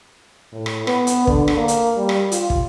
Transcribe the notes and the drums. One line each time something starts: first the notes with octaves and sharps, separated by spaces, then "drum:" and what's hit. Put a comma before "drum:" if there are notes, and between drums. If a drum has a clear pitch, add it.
A2
drum: rim click
B3, drum: rim click
drum: hi-hat
D3, drum: kick
drum: rim click
A#3
drum: hi-hat
G3
drum: rim click
F4, drum: hi-hat
drum: kick